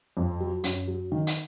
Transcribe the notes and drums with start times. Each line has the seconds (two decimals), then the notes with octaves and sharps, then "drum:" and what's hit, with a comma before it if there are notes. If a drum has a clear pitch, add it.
0.17 F2
0.40 F#3
0.64 F#2, drum: hi-hat
0.87 F#3
1.12 D#3
1.27 drum: hi-hat